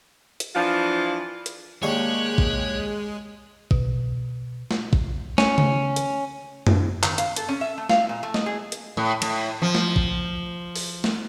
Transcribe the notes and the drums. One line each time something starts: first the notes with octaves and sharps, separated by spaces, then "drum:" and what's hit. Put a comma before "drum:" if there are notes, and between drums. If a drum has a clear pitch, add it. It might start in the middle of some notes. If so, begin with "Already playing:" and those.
drum: hi-hat
E3 F3 D4 F4
drum: hi-hat
D#2 G#3 D4 G4 C#5 G5 F#6
drum: kick
B2, drum: kick
drum: snare
drum: kick
C#4, drum: snare
drum: tom C#3
drum: hi-hat
drum: tom F#2
D#3, drum: clap
F5, drum: hi-hat
A4, drum: hi-hat
C#4
E5
A3
F5, drum: snare
A#2
A3
D#5, drum: snare
G#4
drum: hi-hat
A2
A2, drum: cymbal
F3
drum: snare
drum: kick
drum: open hi-hat
drum: snare